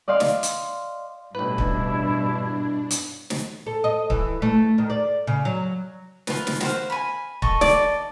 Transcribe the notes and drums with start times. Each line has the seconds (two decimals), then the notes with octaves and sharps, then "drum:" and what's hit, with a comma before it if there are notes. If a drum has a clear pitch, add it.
0.08 D5 D#5 F5 C6
0.20 drum: snare
0.43 drum: hi-hat
1.35 A1 G2 B2 D4 E4 B4
1.58 drum: kick
2.91 drum: hi-hat
3.30 drum: snare
3.67 A4
3.84 D#5
4.10 E3, drum: kick
4.42 A3
4.78 D#3
4.90 D5
5.27 C#3
5.45 F#3
6.27 F4 B4, drum: snare
6.47 drum: snare
6.61 F#4 C5 F5, drum: snare
6.90 G#5 B5
7.42 A4 D#5 C#6, drum: kick
7.61 D5, drum: snare